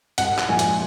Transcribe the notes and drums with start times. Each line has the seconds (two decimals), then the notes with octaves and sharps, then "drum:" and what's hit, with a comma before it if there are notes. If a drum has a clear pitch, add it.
0.18 C2 F#5, drum: hi-hat
0.39 drum: clap
0.49 A#2 F3 G#3 G#5
0.59 drum: hi-hat